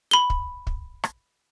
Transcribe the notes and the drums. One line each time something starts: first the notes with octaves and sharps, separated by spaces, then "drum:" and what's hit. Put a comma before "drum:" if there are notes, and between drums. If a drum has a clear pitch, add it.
B5 G7
drum: kick
drum: kick
drum: rim click